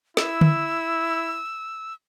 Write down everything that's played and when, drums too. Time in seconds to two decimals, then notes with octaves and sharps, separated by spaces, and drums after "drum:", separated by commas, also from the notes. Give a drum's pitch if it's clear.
0.17 E4 E6, drum: snare
0.41 drum: tom D3